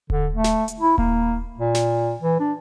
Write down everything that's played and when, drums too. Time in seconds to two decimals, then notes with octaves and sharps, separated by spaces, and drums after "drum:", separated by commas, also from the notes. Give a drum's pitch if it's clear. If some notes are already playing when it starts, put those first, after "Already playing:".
0.10 D3, drum: kick D#1
0.34 A3
0.44 drum: snare
0.68 drum: hi-hat
0.80 E4
0.98 A#3, drum: kick D#1
1.59 A#2
1.75 drum: snare
2.21 E3
2.40 D4